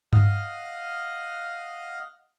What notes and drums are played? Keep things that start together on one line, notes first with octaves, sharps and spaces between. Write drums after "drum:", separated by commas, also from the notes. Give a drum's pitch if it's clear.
D#5 F5 F#5 D#6 F6, drum: tom G2